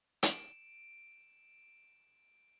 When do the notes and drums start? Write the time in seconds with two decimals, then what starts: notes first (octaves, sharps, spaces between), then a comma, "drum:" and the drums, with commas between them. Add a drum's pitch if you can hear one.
0.23 D7 E7, drum: hi-hat